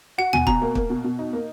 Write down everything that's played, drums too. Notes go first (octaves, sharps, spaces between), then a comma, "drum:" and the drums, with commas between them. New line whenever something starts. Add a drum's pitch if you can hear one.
F#4 F#5
B2 G#5, drum: tom
B2 A#5, drum: kick
A#3
A#3, drum: kick
B2
B2
D#4
A#3